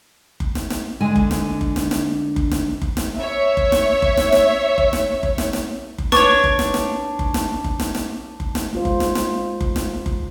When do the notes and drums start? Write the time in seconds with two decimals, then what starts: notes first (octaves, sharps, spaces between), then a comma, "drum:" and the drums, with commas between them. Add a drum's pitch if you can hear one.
0.40 drum: kick F#1
0.55 drum: snare
0.70 drum: snare
1.01 D3 G#3 G#5
1.16 drum: kick F#1
1.31 drum: snare
1.61 drum: kick F#1
1.76 drum: snare
1.91 drum: snare
2.36 drum: kick F#1
2.51 drum: snare
2.82 drum: kick F#1
2.97 drum: snare
3.16 C#5 E5
3.57 drum: kick F#1
3.72 drum: snare
4.02 drum: kick F#1
4.17 drum: snare
4.32 drum: snare
4.78 drum: kick F#1
4.93 drum: snare
5.23 drum: kick F#1
5.38 drum: snare
5.53 drum: snare
5.98 drum: kick F#1
6.12 D4 B4 C#5 C#6, drum: snare
6.44 drum: kick F#1
6.59 drum: snare
6.74 drum: snare
7.19 drum: kick F#1
7.34 drum: snare
7.64 drum: kick F#1
7.79 drum: snare
7.95 drum: snare
8.40 drum: kick F#1
8.55 drum: snare
8.73 G#3 F4 C5
8.85 drum: kick F#1
9.00 drum: snare
9.15 drum: snare
9.61 drum: kick F#1
9.76 drum: snare
10.06 drum: kick F#1